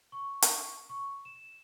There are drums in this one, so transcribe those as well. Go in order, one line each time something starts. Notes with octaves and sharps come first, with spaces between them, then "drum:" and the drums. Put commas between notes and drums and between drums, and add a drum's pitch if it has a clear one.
C#6
drum: hi-hat
C#6
E7